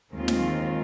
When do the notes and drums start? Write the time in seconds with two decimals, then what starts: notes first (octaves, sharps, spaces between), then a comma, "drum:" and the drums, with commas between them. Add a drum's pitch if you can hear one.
0.14 D#2 D#3 G#3 C4 F4
0.28 drum: snare